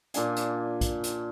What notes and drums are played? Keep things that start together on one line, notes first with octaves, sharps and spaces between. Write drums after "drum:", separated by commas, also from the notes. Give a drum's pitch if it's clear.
A#2 D4 G#5, drum: hi-hat
drum: hi-hat
drum: kick, hi-hat
drum: hi-hat